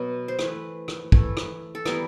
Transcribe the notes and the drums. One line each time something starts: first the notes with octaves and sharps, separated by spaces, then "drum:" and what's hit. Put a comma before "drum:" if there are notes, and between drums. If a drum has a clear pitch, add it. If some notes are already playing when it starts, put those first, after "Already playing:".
Already playing: B2 F#3 B3
C5
E3 A3 B4, drum: rim click
drum: rim click
E3 A3, drum: kick
drum: rim click
A4
E3 G3 B3 A#4, drum: rim click